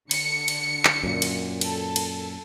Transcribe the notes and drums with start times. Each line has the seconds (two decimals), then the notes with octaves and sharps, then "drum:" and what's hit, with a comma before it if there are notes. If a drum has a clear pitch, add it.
0.11 D3 C#7, drum: cymbal
0.48 drum: cymbal
0.85 drum: clap
1.03 F#2 A#2
1.22 drum: cymbal
1.61 A4, drum: cymbal
1.96 drum: cymbal